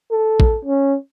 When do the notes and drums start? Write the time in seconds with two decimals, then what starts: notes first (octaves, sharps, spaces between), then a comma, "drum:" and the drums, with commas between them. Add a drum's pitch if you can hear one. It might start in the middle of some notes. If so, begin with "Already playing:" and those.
0.11 A4
0.40 drum: kick A1
0.65 C#4